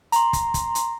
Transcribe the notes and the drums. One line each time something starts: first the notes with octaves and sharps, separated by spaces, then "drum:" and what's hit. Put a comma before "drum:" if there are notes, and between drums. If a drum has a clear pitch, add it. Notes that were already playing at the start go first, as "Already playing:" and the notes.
A#5 C6, drum: hi-hat
drum: kick, hi-hat
drum: kick, hi-hat
drum: hi-hat